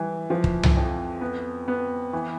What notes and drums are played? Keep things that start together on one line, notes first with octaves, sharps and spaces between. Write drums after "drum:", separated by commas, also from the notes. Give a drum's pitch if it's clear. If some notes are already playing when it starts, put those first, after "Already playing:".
Already playing: E3 G3
F3
drum: kick
drum: tom C2
F2
B3
B3
E3